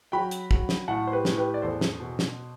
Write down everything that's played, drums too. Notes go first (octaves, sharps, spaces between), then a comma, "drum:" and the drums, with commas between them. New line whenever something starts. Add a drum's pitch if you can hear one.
F#3 G5 B5
drum: hi-hat
F#3, drum: kick
drum: snare
A2 F#5 A5
C5
G4 B4
A2, drum: snare
G4 B4
D5
E2 A4 C5
drum: snare
B2
drum: snare